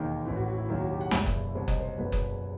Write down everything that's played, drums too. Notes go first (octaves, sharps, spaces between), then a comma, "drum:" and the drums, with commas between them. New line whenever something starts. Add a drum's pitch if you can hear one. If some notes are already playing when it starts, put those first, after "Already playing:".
Already playing: E1 D#2 D#3 D#4
A1 A2 E3 C4
F#4
F#4
E4
E1 D#2 D#3 F#3 E4
F#4
G4
F#5
F#1 E2 B2 E5, drum: snare
drum: kick F#1
C2 B2 F#3 C5
D#5, drum: kick F#1
C5
F#1 E2 B2 F#3 B4
drum: kick F#1